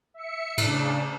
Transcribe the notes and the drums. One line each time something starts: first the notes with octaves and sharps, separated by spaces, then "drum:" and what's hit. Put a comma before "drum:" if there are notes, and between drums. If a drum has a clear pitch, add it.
E5 C#7
A2 C#3 D4, drum: cymbal